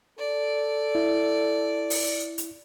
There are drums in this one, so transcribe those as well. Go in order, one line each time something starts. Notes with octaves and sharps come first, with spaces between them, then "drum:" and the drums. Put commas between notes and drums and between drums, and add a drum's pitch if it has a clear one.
A4 D5
E4
drum: open hi-hat
drum: hi-hat